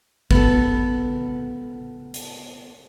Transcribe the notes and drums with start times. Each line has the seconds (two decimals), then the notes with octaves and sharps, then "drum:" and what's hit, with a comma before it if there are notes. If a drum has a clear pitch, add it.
0.31 B3 A4, drum: kick G#1
2.14 drum: hi-hat